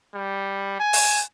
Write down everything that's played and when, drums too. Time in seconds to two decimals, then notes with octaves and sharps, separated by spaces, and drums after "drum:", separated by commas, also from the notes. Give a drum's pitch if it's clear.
0.14 G3
0.80 G#5
0.93 drum: open hi-hat